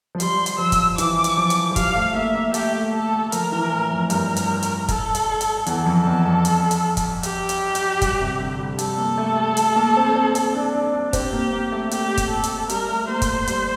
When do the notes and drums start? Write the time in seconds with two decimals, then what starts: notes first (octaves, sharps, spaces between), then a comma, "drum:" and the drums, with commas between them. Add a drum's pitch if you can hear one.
0.15 F3
0.20 G3 C6, drum: hi-hat
0.46 drum: hi-hat
0.58 F3 E6
0.72 drum: kick, hi-hat
0.98 E3 D6, drum: hi-hat
1.24 drum: hi-hat
1.37 F3
1.50 drum: hi-hat
1.71 F3
1.76 G3 F5, drum: kick, hi-hat
1.95 A3
2.15 A#3 E5
2.35 A#3
2.54 A3 G4, drum: hi-hat
2.73 A3
2.93 A3 A4
3.13 A3
3.32 F3 A#4, drum: hi-hat
3.52 E3
3.72 A2
3.91 F2
4.10 G2 A#4, drum: hi-hat
4.36 drum: hi-hat
4.63 drum: hi-hat
4.88 A4, drum: kick, hi-hat
5.15 drum: hi-hat
5.41 drum: hi-hat
5.66 E2 A4, drum: hi-hat
5.86 F2
6.06 E2 A4
6.26 F2
6.45 drum: hi-hat
6.71 drum: hi-hat
6.97 drum: kick, hi-hat
7.23 G4, drum: hi-hat
7.49 drum: hi-hat
7.75 drum: hi-hat
8.02 G2, drum: kick, hi-hat
8.21 C3
8.40 D3
8.60 G3
8.79 G3 A4, drum: hi-hat
8.98 A#3
9.18 A3
9.37 A3
9.57 A3, drum: hi-hat
9.76 A#3
9.97 C4
10.15 C4
10.35 C4, drum: hi-hat
10.55 D4
10.74 D4
10.93 D4
11.13 C4 G4, drum: kick, hi-hat
11.33 A#3
11.53 A#3
11.72 A3
11.91 G4, drum: hi-hat
12.17 drum: kick, hi-hat
12.30 A4
12.44 drum: hi-hat
12.69 G3 A#4, drum: hi-hat
12.89 A3
13.08 A#3 C5
13.22 drum: kick, hi-hat
13.47 G3, drum: hi-hat